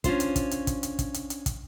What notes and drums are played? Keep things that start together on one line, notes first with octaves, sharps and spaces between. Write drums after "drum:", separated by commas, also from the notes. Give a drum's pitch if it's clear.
C#4 D4 F4 C5, drum: kick, hi-hat
drum: hi-hat
drum: kick, hi-hat
drum: hi-hat
drum: kick, hi-hat
drum: hi-hat
drum: kick, hi-hat
drum: hi-hat
drum: hi-hat
drum: kick, hi-hat